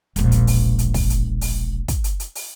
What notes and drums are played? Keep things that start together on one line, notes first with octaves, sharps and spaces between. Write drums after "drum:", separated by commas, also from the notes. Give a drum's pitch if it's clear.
E1 A#1, drum: hi-hat
drum: hi-hat
drum: open hi-hat
drum: hi-hat
drum: kick, open hi-hat
drum: hi-hat
drum: open hi-hat
drum: kick, hi-hat
drum: hi-hat
drum: hi-hat
drum: open hi-hat